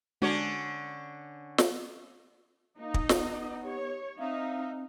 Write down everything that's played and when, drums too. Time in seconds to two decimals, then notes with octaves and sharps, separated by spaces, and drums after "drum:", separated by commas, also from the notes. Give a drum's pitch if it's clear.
0.22 D3 G#3 C#4 D4 F#4 C#5
1.58 drum: snare
2.78 A#3 D#4 D#5
2.94 drum: kick
3.09 B3, drum: snare
3.64 G4 C#5
4.19 C4 D#4 E5 F5